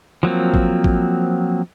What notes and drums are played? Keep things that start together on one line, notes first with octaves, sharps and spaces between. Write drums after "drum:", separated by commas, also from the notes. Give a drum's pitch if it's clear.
F3 F#3 A#3 C4
drum: kick G#1
drum: kick G#1